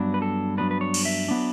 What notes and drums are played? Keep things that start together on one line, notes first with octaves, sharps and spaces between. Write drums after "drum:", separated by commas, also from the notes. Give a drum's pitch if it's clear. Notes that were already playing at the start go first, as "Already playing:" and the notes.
Already playing: G2 F#3 B3 D4
B4
A4
G2 F#3 B3 D4 B4
B4
C#5
drum: cymbal
E5
F#3 B3 D4